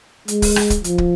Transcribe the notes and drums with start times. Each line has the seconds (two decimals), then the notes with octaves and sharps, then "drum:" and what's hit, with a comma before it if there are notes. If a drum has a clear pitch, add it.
0.28 G#3, drum: hi-hat
0.42 drum: kick, open hi-hat
0.56 drum: rim click
0.70 drum: kick, hi-hat
0.84 F3, drum: hi-hat
0.98 drum: kick